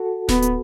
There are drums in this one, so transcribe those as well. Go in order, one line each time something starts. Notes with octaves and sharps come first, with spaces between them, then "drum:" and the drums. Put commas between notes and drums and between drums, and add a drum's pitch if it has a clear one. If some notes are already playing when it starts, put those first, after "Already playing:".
Already playing: F#4 A4
B3, drum: snare D1
drum: hi-hat